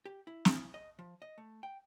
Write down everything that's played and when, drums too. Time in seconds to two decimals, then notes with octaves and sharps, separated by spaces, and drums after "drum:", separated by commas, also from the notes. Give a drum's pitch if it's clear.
0.05 G4
0.27 E4
0.45 drum: snare
0.74 D#5
0.99 F3
1.22 D#5
1.38 A3
1.63 G5